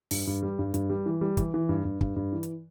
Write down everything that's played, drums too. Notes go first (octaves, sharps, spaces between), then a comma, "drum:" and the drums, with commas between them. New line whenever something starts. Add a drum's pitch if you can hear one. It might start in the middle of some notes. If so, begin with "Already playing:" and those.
G2, drum: open hi-hat
G2
G3
G2
G2, drum: hi-hat
G3
E3
G3
E3, drum: kick, hi-hat
E3
G2
G2
G2, drum: kick
G2
E3
drum: hi-hat